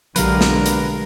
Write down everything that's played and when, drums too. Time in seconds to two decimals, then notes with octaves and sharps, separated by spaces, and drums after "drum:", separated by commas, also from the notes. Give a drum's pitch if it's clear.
0.16 B1 D3 F#3 G#3 G4 A#4 B4 F5, drum: hi-hat
0.41 drum: snare
0.66 drum: hi-hat